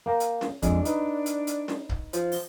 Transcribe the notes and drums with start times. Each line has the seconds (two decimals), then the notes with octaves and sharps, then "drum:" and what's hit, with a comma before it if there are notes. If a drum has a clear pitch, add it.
0.06 A#3 G5 A#5
0.20 drum: hi-hat
0.41 drum: snare
0.62 F2 G#3 D4, drum: kick C#1, hi-hat
0.85 D#4 B4, drum: hi-hat
1.26 drum: hi-hat
1.47 drum: hi-hat
1.68 drum: snare
1.89 drum: kick C#1
2.13 F3, drum: hi-hat
2.32 drum: open hi-hat